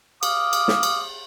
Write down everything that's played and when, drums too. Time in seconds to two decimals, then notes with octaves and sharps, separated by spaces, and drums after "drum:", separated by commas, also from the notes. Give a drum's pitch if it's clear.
0.23 F5 D6 D#6, drum: cymbal
0.53 drum: cymbal
0.68 drum: snare
0.83 drum: cymbal